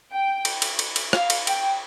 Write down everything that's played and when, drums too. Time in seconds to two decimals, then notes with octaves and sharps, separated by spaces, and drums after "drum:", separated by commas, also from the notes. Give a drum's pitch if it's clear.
0.12 G5
0.45 drum: cymbal
0.62 drum: cymbal
0.79 drum: cymbal
0.96 drum: cymbal
1.13 F5, drum: rim click
1.30 drum: cymbal
1.47 G5, drum: cymbal